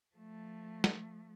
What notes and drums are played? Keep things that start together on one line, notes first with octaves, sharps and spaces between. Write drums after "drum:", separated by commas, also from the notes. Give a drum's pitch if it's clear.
F3 A3
drum: snare